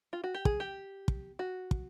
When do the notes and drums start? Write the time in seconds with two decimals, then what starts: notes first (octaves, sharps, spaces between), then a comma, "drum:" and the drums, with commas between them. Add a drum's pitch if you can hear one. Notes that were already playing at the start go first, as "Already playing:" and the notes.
0.13 F4
0.24 F#4
0.34 G4
0.45 G#4, drum: kick
0.60 G4
1.08 drum: kick
1.39 F#4
1.71 drum: kick